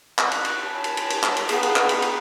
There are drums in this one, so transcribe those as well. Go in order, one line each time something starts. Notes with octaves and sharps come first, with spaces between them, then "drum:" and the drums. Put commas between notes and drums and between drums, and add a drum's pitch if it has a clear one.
F#6, drum: clap
drum: cymbal
drum: cymbal
C#5 G#5 A5 B5
drum: cymbal
drum: cymbal
drum: cymbal
drum: clap
drum: cymbal
B3 G#4 F5 G5 A#5, drum: cymbal
drum: cymbal
drum: clap
drum: cymbal
drum: cymbal